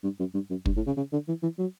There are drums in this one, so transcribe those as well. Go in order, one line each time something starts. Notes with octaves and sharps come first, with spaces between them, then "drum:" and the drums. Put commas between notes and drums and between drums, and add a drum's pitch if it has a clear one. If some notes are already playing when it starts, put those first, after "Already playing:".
G2
F#2
G2
F#2
G2, drum: kick
A2
C#3
C#3
D3
E3
E3
F#3